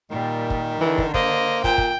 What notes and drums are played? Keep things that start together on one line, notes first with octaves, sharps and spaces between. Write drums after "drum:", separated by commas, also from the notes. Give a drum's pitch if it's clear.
A#2 D#3 G3
drum: kick
D3 E3
drum: kick
A#3 C5 D#5, drum: kick
A#2 G5, drum: kick
drum: kick